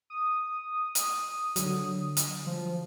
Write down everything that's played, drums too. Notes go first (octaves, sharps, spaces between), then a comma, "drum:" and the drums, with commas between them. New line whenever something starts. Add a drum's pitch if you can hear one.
D#6
drum: hi-hat
D3 F#3, drum: hi-hat
drum: hi-hat
F3